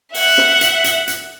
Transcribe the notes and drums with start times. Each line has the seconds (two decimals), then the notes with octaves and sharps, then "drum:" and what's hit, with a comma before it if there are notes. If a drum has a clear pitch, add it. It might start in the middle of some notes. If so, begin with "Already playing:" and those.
0.14 E5 F#5, drum: open hi-hat
0.38 drum: snare
0.61 drum: hi-hat
0.84 drum: hi-hat
1.08 drum: hi-hat